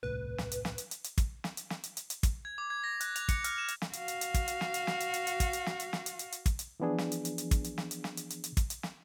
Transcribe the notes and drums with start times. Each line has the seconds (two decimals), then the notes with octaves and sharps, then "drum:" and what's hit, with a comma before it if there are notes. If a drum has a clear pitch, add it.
0.03 D#1 C2 A2 B4
0.38 drum: snare
0.52 drum: hi-hat
0.65 drum: snare
0.78 drum: hi-hat
0.91 drum: hi-hat
1.04 drum: hi-hat
1.18 drum: kick, hi-hat
1.44 drum: snare
1.57 drum: hi-hat
1.70 drum: snare
1.84 drum: hi-hat
1.97 drum: hi-hat
2.10 drum: hi-hat
2.23 drum: kick, hi-hat
2.45 G#6
2.58 D6
2.70 G#6
2.84 A#6
3.01 F#6, drum: hi-hat
3.16 F7, drum: hi-hat
3.28 C#7, drum: kick, hi-hat
3.44 F6, drum: hi-hat
3.58 E7
3.68 drum: hi-hat
3.82 drum: snare
3.93 F#4 F5, drum: hi-hat
4.08 drum: hi-hat
4.21 drum: hi-hat
4.34 drum: kick, hi-hat
4.48 drum: hi-hat
4.61 drum: snare
4.74 drum: hi-hat
4.87 drum: snare
5.00 drum: hi-hat
5.14 drum: hi-hat
5.27 drum: hi-hat
5.40 drum: kick, hi-hat
5.53 drum: hi-hat
5.66 drum: snare
5.80 drum: hi-hat
5.93 drum: snare
6.06 drum: hi-hat
6.19 drum: hi-hat
6.32 drum: hi-hat
6.46 drum: kick, hi-hat
6.59 drum: hi-hat
6.80 E3 F3 B3 D4 G#4
6.98 drum: snare
7.12 drum: hi-hat
7.25 drum: hi-hat
7.38 drum: hi-hat
7.51 drum: kick, hi-hat
7.64 drum: hi-hat
7.78 drum: snare
7.91 drum: hi-hat
8.04 drum: snare
8.17 drum: hi-hat
8.30 drum: hi-hat
8.44 drum: hi-hat
8.57 drum: kick, hi-hat
8.70 drum: hi-hat
8.83 drum: snare